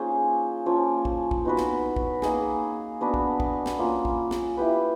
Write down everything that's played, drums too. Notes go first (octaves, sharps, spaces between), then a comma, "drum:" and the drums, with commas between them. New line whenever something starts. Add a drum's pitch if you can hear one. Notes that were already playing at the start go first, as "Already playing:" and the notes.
Already playing: A#3 C#4 D#4 F4 G#4 C5
F3 A#3 C#4 F4
drum: kick
drum: kick
B3 D#4 F#4 B4
drum: snare
drum: kick
A#3 D#4 G#4, drum: snare
B3 D4 F#4 B4
drum: kick
drum: kick
drum: snare
A#3 C#4 F4
drum: kick
drum: snare
E4 G4 B4